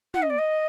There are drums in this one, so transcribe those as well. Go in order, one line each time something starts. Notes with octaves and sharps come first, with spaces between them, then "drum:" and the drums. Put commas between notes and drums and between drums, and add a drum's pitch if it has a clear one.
F#5, drum: tom
D#5
D5
D#5